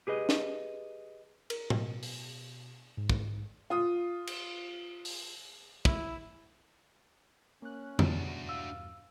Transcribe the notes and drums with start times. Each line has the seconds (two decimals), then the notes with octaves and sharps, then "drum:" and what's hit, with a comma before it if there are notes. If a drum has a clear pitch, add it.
0.07 G4 G#4 B4 D#5
0.29 drum: snare
1.50 A#4, drum: cymbal
1.70 B2, drum: tom A2
2.03 drum: open hi-hat
2.97 G#2
3.10 drum: kick
3.70 F4 D#6
4.27 drum: cymbal
5.05 drum: open hi-hat
5.85 E4, drum: kick
7.62 A#3 C#4 F#6
7.99 E2 G2 B2 D4 F#4, drum: tom
8.49 F5 E6